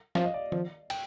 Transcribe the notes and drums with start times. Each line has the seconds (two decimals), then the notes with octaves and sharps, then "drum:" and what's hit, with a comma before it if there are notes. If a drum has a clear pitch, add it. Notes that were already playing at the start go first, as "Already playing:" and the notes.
0.15 F3 F5, drum: snare
0.25 D#5
0.34 D5
0.52 F3, drum: tom D#3
0.90 G5, drum: cymbal